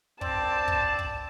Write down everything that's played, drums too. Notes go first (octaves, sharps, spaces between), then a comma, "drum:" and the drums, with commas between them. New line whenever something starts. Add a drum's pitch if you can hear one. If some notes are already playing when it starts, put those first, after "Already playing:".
C4 D5 A5, drum: kick
drum: kick
drum: kick